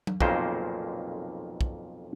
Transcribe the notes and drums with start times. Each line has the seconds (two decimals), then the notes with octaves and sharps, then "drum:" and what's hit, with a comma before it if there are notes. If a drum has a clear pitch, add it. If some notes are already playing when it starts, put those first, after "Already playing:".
0.07 drum: tom F#3
0.20 B1 F2 A#2 C#3 A#3 C5, drum: kick
1.61 drum: kick